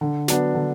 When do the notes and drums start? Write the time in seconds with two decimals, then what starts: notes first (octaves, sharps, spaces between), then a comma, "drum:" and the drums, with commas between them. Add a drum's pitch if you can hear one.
0.01 D3
0.28 F#3 B3 D4, drum: snare
0.54 D3